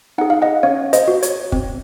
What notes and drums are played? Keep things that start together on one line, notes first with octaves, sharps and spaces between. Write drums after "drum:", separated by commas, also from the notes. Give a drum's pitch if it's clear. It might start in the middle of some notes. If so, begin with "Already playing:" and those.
D#4 G#4 F#5
F5
D#5 F#5
C#4 C#5 F5
C5 D#5, drum: hi-hat
F#4
C#5, drum: hi-hat
C4, drum: kick